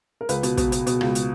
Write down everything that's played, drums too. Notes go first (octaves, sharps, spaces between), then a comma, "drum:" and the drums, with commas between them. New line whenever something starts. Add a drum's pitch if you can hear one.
A#4
C#2 B4, drum: hi-hat
B2, drum: hi-hat
B2, drum: kick, hi-hat
B2, drum: hi-hat
B2, drum: hi-hat
C#2, drum: rim click
drum: hi-hat